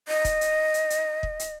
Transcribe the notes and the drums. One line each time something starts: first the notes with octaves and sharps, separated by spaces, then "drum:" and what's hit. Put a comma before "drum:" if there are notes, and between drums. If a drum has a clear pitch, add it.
D#5
drum: kick, hi-hat
drum: hi-hat
drum: hi-hat
drum: hi-hat
drum: kick
drum: hi-hat